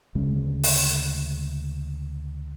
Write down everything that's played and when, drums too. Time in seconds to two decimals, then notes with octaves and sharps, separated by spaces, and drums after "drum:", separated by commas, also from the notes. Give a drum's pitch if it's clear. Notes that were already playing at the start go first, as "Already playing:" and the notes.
0.15 D2 C#3 G#3 C#4
0.63 drum: open hi-hat